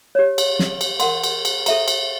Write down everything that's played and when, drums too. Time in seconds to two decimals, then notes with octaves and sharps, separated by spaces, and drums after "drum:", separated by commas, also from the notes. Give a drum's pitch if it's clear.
0.15 G4 C#5
0.38 drum: cymbal
0.59 drum: snare
0.81 drum: cymbal
1.00 A#4 F#5 C6, drum: cymbal
1.24 drum: cymbal
1.45 drum: cymbal
1.66 A4 E5 A#5, drum: cymbal
1.88 drum: cymbal